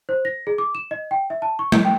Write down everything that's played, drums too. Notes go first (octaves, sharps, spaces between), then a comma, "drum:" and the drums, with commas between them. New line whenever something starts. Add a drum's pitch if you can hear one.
C5
A#6
G#4
D6
E7
D#5
G5
E5
A5
C#6
G6, drum: tom
G5